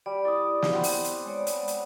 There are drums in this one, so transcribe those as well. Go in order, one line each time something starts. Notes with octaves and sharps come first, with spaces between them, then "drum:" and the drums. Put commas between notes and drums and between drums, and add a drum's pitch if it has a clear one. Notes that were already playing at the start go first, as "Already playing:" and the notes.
G3 D5
E4 D5 D#6
drum: snare
B3 C4 B5
drum: open hi-hat
drum: hi-hat
G#3 C#5 D5
drum: hi-hat
drum: hi-hat